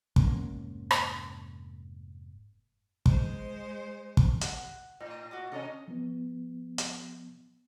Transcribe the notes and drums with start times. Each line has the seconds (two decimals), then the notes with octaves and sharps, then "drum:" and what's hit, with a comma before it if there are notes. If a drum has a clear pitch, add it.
0.16 F1 G#2 A#3 C#4, drum: kick
0.91 drum: rim click
3.06 G#3 C5, drum: kick
4.17 drum: kick
4.41 F#5, drum: hi-hat
5.00 A2 D#4
5.31 F#4 D#5 D6
5.52 C3 C#4 A4 D#5 A#5
5.88 F3 B3
6.78 drum: hi-hat